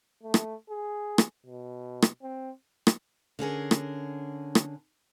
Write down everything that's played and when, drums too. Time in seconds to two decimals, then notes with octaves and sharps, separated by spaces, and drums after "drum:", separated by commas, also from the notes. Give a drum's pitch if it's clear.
0.23 A3
0.34 drum: rim click
0.69 G#4
1.18 drum: rim click
1.46 B2
2.02 drum: rim click
2.23 C4
2.87 drum: rim click
3.39 D3 C#4 G#4 A#4
3.71 drum: rim click
4.55 drum: rim click